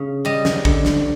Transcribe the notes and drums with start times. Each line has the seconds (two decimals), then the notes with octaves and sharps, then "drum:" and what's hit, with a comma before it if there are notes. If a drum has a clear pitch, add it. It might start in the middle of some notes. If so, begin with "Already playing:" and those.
Already playing: C#3
0.25 G3 D#5
0.45 drum: snare
0.65 D3, drum: kick A1
0.85 drum: snare